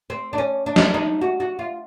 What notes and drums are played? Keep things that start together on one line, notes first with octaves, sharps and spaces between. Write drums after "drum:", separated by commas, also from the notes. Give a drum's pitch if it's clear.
C4
D4
C#4
D4
drum: snare
D#4
F#4
F#4
F4